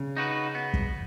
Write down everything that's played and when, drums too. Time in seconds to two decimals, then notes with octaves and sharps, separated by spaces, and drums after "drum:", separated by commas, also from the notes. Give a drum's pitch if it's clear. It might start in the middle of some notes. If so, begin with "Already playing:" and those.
Already playing: C#3
0.17 D#4 F#4 B4
0.55 B3
0.74 drum: kick